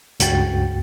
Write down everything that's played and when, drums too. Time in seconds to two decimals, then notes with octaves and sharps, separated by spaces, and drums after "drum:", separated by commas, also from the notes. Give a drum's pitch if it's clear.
0.20 C#2 G2 F#4 G5 A6, drum: hi-hat